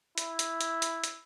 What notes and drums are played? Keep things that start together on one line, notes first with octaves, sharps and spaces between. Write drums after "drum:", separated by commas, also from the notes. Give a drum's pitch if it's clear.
E4, drum: hi-hat
drum: hi-hat
drum: hi-hat
drum: hi-hat
drum: hi-hat